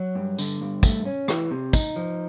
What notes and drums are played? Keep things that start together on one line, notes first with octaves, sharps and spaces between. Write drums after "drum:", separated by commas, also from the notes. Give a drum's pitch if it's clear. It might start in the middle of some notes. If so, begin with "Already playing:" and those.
Already playing: F#3
G2
D3, drum: tambourine
G2
A3, drum: kick, tambourine
C#4
E3, drum: rim click
C3
D#4, drum: kick, tambourine
F3